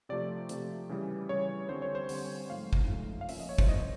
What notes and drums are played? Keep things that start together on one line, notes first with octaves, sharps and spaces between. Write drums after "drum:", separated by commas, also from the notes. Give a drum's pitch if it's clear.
C3 F3 A3 D5
C3 F3 A3, drum: hi-hat
C#3 E3 G3
C#3 E3 G3 C#5
D3 G3 C4 C5
C#5
C5
D3 G3 C4, drum: open hi-hat
G#2 F3 A3 F5
drum: kick
G#2 F3 A3
F5
A#2 F3 A#3 C#4 E5, drum: open hi-hat
D#5
C#5
C5, drum: kick
A#2 F3 A#3 C#4 D#5